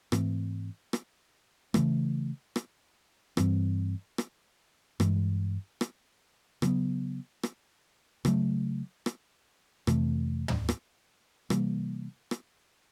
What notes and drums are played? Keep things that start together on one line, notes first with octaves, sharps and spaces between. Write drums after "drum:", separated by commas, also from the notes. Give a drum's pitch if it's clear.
G#2 E3 A3 C4, drum: rim click
drum: rim click
C#3 E3 A3, drum: rim click
drum: rim click
G2 E3 G3 C4, drum: rim click
drum: rim click
G2 E3 G#3, drum: rim click
drum: rim click
C#3 F#3 B3, drum: rim click
drum: rim click
C#3 F#3 A3, drum: rim click
drum: rim click
F2 C3 E3 A3, drum: rim click
drum: tom
drum: rim click
C3 E3 G3 A#3, drum: rim click
drum: rim click